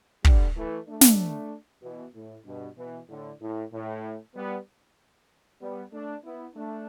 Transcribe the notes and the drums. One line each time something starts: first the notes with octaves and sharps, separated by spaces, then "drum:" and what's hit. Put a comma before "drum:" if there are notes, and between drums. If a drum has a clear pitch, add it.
D3 G3, drum: kick
E3 A3
A3 D4
drum: snare
B2 E3
A2
G2 B2
B2 E3
A2 D3
A2
A2
G3 B3
G3 B3
A3 D4
B3 E4
A3 D4